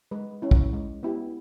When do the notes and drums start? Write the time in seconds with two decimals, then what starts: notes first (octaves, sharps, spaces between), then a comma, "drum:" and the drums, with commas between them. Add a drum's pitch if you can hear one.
0.11 G#3 B4
0.42 C#4 E4
0.51 drum: kick
0.73 G#3
1.03 B3 E4 G4